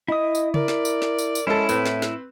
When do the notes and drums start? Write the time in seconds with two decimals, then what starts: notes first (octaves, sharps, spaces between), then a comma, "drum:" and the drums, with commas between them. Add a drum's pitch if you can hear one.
0.08 E4 D#5 D#6
0.35 drum: tambourine
0.54 A#4 D5, drum: tom C#3
0.68 drum: snare
0.85 drum: tambourine
1.02 drum: snare
1.18 drum: tambourine
1.35 drum: tambourine
1.47 G#3 C#4 E4 A4
1.69 A2 C4 B4, drum: tambourine
1.86 drum: snare
2.02 drum: snare